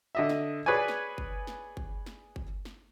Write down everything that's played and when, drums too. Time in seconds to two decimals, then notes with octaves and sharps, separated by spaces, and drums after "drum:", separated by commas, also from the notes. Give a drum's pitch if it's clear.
0.15 D3 D#5 E5
0.29 drum: snare
0.66 G#4 B4 C#5 D5 G#5
0.88 drum: snare
1.18 drum: kick G1
1.47 drum: snare
1.77 drum: kick G1
2.06 drum: snare
2.36 drum: kick G1
2.65 drum: snare